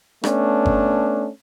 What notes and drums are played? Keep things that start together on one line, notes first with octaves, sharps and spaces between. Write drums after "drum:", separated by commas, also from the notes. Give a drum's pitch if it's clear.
A3 B3 C#4 D4, drum: rim click
drum: kick G1